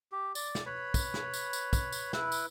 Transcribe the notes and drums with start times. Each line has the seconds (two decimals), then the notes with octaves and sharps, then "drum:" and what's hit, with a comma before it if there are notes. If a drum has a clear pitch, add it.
0.12 G4
0.35 D5, drum: tambourine
0.55 drum: snare
0.66 B4 C#5 B5
0.94 drum: kick, tambourine
1.14 drum: snare
1.34 drum: tambourine
1.53 drum: tambourine
1.73 drum: kick, tambourine
1.92 drum: tambourine
2.13 E4 B4, drum: snare
2.32 drum: tambourine